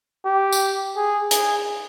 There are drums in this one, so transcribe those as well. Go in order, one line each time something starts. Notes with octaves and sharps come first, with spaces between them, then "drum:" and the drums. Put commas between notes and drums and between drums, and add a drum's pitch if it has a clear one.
G4
drum: tambourine
G#4
G#4, drum: hi-hat